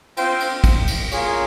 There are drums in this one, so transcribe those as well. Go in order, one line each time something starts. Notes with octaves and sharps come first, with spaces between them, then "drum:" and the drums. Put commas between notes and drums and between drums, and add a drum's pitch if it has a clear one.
C4 F4 C5 G5, drum: cymbal
drum: cymbal
drum: kick, cymbal
drum: cymbal
A#3 F4 G#4 C#5, drum: cymbal